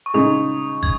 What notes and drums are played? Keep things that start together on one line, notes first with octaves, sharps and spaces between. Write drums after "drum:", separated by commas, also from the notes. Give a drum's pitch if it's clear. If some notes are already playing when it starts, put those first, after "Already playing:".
C#6
C#3 G#3 D#4 G#4 D#6
G#6, drum: kick